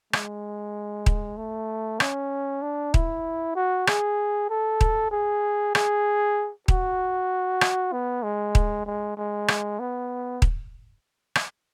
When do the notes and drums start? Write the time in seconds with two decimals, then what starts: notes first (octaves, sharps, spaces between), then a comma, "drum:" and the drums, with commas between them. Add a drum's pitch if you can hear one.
0.13 G#3, drum: rim click
1.06 drum: kick D#1
1.37 A3
2.00 C#4, drum: rim click
2.62 D4
2.94 E4, drum: kick D#1
3.56 F#4
3.87 G#4, drum: rim click
4.50 A4
4.81 drum: kick D#1
5.11 G#4
5.75 G#4, drum: rim click
6.68 F#4, drum: kick D#1
7.61 drum: rim click
7.92 B3
8.23 G#3
8.55 drum: kick D#1
8.86 G#3
9.17 G#3
9.48 drum: rim click
9.79 B3
10.42 drum: kick D#1
11.35 drum: rim click